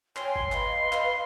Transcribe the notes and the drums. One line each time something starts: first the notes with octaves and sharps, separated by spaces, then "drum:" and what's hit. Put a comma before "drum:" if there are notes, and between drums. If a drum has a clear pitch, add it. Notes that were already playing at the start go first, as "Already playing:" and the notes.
C#5 G5 G#5 C6, drum: clap
drum: kick G1
B4 D#5 F5, drum: clap
drum: clap